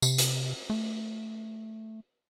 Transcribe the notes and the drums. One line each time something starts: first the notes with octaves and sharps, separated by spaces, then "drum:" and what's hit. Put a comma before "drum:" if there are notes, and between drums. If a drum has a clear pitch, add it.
C3, drum: tambourine
drum: hi-hat
A3